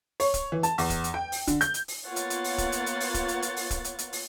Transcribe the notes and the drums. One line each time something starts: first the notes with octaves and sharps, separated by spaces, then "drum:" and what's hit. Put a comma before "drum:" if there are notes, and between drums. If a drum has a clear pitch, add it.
C#5, drum: open hi-hat
drum: kick, hi-hat
E3
A5, drum: hi-hat
E2, drum: open hi-hat
drum: kick, hi-hat
drum: hi-hat
G5
drum: open hi-hat
D3, drum: kick, hi-hat
G6, drum: hi-hat
drum: hi-hat
drum: open hi-hat
A#3 B3 F4 C#5 F#5 A6
drum: hi-hat
drum: hi-hat
drum: open hi-hat
drum: kick, hi-hat
drum: hi-hat
drum: hi-hat
drum: open hi-hat
drum: kick, hi-hat
drum: hi-hat
drum: hi-hat
drum: open hi-hat
drum: kick, hi-hat
drum: hi-hat
drum: hi-hat
drum: open hi-hat